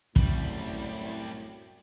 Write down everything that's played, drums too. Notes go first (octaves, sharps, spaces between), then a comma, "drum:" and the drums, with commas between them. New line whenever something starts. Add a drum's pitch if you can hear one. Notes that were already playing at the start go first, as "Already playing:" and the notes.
C2 F#2 A2 G3, drum: kick